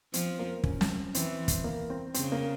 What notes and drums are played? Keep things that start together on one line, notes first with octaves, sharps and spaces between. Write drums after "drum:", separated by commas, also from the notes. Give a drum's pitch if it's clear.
F3 C4, drum: hi-hat
A#3
C#4, drum: kick
drum: snare
E3 C4, drum: hi-hat
drum: kick, hi-hat
A#3
C4
C#3 C4, drum: hi-hat
A#3